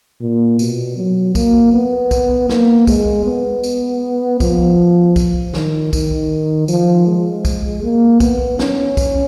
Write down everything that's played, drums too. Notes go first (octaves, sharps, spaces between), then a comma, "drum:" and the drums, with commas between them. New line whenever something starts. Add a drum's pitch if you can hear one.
A#2
B2, drum: tambourine
F#3
A#3, drum: kick, tambourine
B3
drum: kick, tambourine
A#3, drum: snare
G#3, drum: kick, tambourine
B3
drum: tambourine
F3, drum: kick, tambourine
drum: kick, tambourine
D#3, drum: snare
D#3, drum: kick, tambourine
F3, drum: tambourine
G#3
drum: kick, tambourine
A#3
B3, drum: kick, tambourine
C#4, drum: snare
drum: kick, tambourine